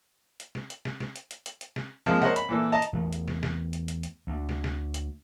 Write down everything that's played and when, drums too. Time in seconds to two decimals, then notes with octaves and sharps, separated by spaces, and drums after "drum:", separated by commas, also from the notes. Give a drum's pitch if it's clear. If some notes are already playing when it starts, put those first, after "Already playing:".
0.40 drum: hi-hat
0.55 drum: snare
0.70 drum: hi-hat
0.85 drum: snare
1.00 drum: snare
1.16 drum: hi-hat
1.31 drum: hi-hat
1.46 drum: hi-hat
1.61 drum: hi-hat
1.76 drum: snare
2.06 F3 G#3 A#3 C4 F4, drum: snare
2.22 A#4 C5 C#5 D#5 F#5, drum: snare
2.36 B5, drum: hi-hat
2.49 A#2 E3 A4
2.72 D#5 A5 A#5
2.82 drum: hi-hat
2.93 E2 A3
3.13 drum: hi-hat
3.28 drum: snare
3.43 drum: snare
3.73 drum: hi-hat
3.88 drum: hi-hat
4.03 drum: hi-hat
4.27 D2
4.49 drum: snare
4.64 drum: snare
4.94 drum: hi-hat